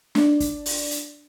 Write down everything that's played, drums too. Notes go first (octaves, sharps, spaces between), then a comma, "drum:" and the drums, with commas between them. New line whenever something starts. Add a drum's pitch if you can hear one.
D4 D5, drum: snare
drum: kick, hi-hat
drum: open hi-hat
drum: hi-hat